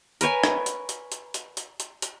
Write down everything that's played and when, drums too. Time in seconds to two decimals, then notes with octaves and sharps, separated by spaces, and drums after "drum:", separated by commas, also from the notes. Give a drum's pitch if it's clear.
0.21 A#4 B4 C#5 G#5, drum: hi-hat
0.44 drum: rim click
0.66 drum: hi-hat
0.89 drum: hi-hat
1.12 drum: hi-hat
1.34 drum: hi-hat
1.57 drum: hi-hat
1.80 drum: hi-hat
2.02 drum: hi-hat